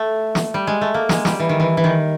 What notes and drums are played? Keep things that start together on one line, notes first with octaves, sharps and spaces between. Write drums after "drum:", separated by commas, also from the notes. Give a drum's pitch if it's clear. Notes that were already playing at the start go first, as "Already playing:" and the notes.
Already playing: A3
drum: snare
G3
G#3
A3
A#3
G#3, drum: snare
G3, drum: snare
E3
D#3
E3
E3
D#3